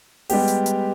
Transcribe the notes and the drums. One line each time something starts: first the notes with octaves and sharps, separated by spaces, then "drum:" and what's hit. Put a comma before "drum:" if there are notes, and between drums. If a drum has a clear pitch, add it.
G3 G#3 B3 G4, drum: open hi-hat
drum: hi-hat
drum: hi-hat